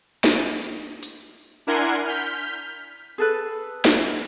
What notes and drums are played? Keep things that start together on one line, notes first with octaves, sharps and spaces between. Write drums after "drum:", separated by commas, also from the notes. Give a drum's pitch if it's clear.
drum: snare
drum: hi-hat
D4 E4 A#4 F#5 G#5 C6
F6 G6 B6
G#4 A4 B4
drum: snare